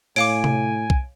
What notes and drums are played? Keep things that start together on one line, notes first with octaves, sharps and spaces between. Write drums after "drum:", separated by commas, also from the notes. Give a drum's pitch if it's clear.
A2 C#5 F5 G#5 D6 D7, drum: open hi-hat
drum: tom C3
drum: kick